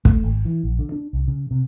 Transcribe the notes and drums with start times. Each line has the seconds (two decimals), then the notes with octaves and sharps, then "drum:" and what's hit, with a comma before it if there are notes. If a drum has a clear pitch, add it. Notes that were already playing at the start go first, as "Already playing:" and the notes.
0.05 A3, drum: kick
0.24 G#1
0.45 E3
0.63 A#1
0.79 D3
0.92 D4
1.13 C2
1.28 C#3
1.51 C3